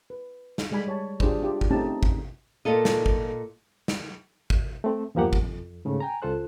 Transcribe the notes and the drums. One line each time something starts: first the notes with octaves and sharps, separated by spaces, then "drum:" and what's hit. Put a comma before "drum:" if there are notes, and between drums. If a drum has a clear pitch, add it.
B4
drum: snare
G3 G#3 D5 G#5 B5
G3 C#5 G#5 A5
D4 F4 G4 G#4 C5 D5, drum: kick
D4 E4 F4 G4 D5
drum: kick
A3 C4 C#4 D#4 G4 A5
drum: kick
A#2 F4 A4 D#5
drum: snare
drum: kick
drum: snare
drum: kick
A3 C4
E2 G2 F3 A#3 G4 F#5
drum: kick
F2
G#2 C#3 A3
G5 G#5 A#5
C#2 F4 A4 C5 F#6